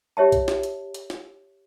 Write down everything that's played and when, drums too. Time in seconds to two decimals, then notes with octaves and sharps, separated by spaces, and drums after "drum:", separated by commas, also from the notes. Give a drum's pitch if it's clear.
0.17 G4 C#5 E5 A5
0.32 drum: kick B1, hi-hat
0.48 drum: snare
0.63 drum: hi-hat
0.94 drum: hi-hat
1.10 drum: snare